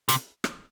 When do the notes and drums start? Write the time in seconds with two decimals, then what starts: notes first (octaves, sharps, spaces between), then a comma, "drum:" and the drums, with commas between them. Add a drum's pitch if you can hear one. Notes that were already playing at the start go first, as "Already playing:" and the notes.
0.09 C3, drum: hi-hat
0.44 drum: rim click